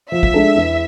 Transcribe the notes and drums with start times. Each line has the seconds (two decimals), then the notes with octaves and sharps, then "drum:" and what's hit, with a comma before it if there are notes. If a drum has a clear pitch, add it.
0.12 F3 E5
0.23 drum: kick
0.34 G#3 D4 A4
0.56 E2